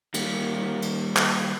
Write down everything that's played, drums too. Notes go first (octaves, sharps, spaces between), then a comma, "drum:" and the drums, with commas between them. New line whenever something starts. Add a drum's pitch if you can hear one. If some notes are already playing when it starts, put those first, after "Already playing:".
D#3 G3 A#3, drum: cymbal
drum: cymbal
drum: clap